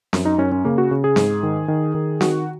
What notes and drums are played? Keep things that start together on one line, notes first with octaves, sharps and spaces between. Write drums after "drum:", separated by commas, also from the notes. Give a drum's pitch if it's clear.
F#2, drum: snare C4
D#4
F#2 C#4
C#4
C#3 A#3
F#4
C#3
G#4
G#2, drum: snare C4
D#3
D#3
D#3
D#3 F#4, drum: snare C4